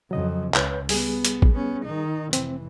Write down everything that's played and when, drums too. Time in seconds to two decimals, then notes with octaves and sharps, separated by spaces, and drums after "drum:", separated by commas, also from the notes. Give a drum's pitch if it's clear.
0.11 F2 C#3 F#3 D#5
0.54 C#2 B4 C#5 G6, drum: clap
0.89 G3 B3 G#4, drum: open hi-hat
1.25 drum: hi-hat
1.42 drum: kick
1.53 B3 C#4
1.85 D#3 D#4
2.33 F1 E3 C4, drum: hi-hat